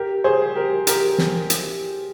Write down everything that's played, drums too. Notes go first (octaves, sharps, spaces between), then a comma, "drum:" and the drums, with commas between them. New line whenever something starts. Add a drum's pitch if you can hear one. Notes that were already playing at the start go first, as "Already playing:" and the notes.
Already playing: G4 A#4
G#4 C5
G4 A#4
G4 A#4, drum: hi-hat
drum: snare
drum: hi-hat